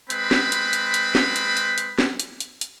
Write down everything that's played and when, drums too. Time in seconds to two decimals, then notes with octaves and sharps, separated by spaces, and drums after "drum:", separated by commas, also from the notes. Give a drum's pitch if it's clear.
0.10 G#3 C4 B4 B5, drum: hi-hat
0.31 drum: snare
0.52 drum: hi-hat
0.73 drum: hi-hat
0.94 drum: hi-hat
1.15 drum: snare
1.36 drum: hi-hat
1.57 drum: hi-hat
1.78 drum: hi-hat
1.99 drum: snare
2.19 drum: hi-hat
2.40 drum: hi-hat
2.61 drum: hi-hat